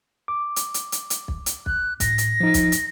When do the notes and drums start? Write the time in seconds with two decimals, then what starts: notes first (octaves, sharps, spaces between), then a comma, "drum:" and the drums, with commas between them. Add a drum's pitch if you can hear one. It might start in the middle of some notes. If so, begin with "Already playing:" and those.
0.28 D6
0.56 drum: hi-hat
0.74 drum: hi-hat
0.92 drum: hi-hat
1.10 drum: hi-hat
1.28 drum: kick
1.46 drum: hi-hat
1.66 F#6, drum: kick
2.00 A2 A#6, drum: kick, hi-hat
2.18 drum: hi-hat
2.40 F3 D#4
2.54 drum: kick, hi-hat
2.72 drum: hi-hat